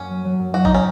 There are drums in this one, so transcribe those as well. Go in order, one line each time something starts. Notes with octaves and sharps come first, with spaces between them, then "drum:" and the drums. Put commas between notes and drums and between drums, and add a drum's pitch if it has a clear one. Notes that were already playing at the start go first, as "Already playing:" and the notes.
Already playing: F#2 A#3 C#4
F#3
F#3
F#2
F#3 F#4
D#4, drum: kick A1
C#4